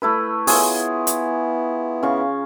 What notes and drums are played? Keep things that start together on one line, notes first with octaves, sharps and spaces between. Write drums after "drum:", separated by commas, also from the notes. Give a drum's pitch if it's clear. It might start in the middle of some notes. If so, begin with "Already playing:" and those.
A3 E4 B4
B3 E4 F4 G#4 C#5, drum: open hi-hat
drum: hi-hat
C#3 F5 C#6